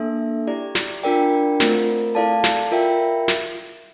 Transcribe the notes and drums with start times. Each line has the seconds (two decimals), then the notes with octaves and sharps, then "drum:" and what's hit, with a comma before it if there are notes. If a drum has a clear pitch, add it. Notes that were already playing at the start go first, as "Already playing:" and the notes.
Already playing: A#3 D4 A4 E5
0.47 E4 G4 D5
0.75 drum: snare
1.03 D4 F4 A#4 D5 G5
1.60 A3 C4 F4 A#4, drum: snare
2.15 E4 A4 D5 F5 A5
2.44 drum: snare
2.72 F4 A#4 E5 G5
3.28 drum: snare